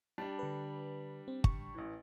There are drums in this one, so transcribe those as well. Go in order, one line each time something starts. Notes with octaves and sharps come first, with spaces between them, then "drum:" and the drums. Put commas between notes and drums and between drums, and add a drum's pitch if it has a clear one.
G3 D4 A5
D3 B4
C4
C#6, drum: kick
A1 E3